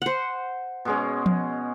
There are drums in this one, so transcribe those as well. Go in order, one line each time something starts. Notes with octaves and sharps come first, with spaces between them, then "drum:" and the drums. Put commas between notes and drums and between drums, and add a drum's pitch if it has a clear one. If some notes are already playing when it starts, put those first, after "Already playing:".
C5 F#5
B2 G#3 C#4
drum: tom F3